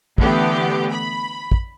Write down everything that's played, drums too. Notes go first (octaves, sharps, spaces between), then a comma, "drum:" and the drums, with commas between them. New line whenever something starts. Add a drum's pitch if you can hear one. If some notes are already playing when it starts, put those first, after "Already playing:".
D3 E3 A3 B3 G4, drum: kick
B5
drum: kick